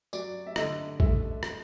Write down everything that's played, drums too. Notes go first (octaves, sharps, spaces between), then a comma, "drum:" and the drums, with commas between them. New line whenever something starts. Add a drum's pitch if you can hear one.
F#3 D5, drum: tambourine
E5
D3 D#5, drum: rim click
A3 E5, drum: kick
drum: rim click